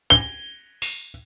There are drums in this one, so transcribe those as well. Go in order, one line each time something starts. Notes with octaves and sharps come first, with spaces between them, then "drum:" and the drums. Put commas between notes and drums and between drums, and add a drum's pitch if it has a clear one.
G7
drum: open hi-hat